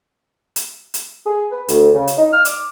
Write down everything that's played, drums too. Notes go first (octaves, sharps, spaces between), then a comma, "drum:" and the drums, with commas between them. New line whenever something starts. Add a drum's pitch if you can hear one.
drum: hi-hat
drum: hi-hat
G#4
B4
D2, drum: hi-hat
C#3
drum: hi-hat
D#4
F6
D6, drum: hi-hat